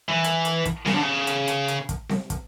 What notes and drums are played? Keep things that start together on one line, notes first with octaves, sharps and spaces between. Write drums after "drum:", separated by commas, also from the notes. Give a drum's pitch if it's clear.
E3
drum: hi-hat
drum: hi-hat
drum: kick, hi-hat
C#3, drum: snare C4
D3
C#3
drum: hi-hat
drum: hi-hat
drum: hi-hat
drum: kick, hi-hat
drum: snare C4
drum: kick, hi-hat